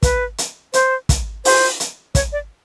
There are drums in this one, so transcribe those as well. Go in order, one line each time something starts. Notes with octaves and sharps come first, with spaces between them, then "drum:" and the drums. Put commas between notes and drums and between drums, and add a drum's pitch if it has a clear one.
B4, drum: kick, hi-hat
drum: hi-hat
C5, drum: hi-hat
drum: kick, hi-hat
C5, drum: open hi-hat
drum: hi-hat
C#5, drum: kick, hi-hat
D5